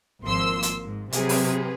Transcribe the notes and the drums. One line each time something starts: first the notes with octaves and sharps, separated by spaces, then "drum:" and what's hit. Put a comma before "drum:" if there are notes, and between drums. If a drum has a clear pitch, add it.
G#1 F3 A#3 C6 E6
drum: hi-hat
G#2
C3 F#3 G#4 B4, drum: hi-hat
drum: open hi-hat